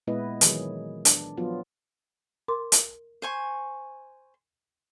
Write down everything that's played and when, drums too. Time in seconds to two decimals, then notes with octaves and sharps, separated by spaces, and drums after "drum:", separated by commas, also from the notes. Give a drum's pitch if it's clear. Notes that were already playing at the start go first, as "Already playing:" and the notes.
0.07 A#2 G#3 B3 E4 B4 D#5
0.41 D#3 E3 F#3 G#4, drum: hi-hat
1.05 D4, drum: hi-hat
1.37 F3 F#3 B3 F4
2.48 A#4 C6 D6
2.72 drum: hi-hat
3.22 C5 G#5 C#6